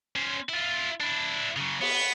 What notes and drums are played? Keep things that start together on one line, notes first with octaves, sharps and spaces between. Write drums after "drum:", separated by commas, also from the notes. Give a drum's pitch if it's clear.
C#4 C5
E4 F4
D4 E4
C#3 F#3
B3, drum: cymbal